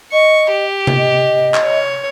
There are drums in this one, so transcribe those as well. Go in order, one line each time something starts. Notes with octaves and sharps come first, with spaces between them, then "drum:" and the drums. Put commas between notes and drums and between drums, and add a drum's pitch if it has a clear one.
D#5 C#6
G4
drum: tom C3
D#5
drum: clap
C#5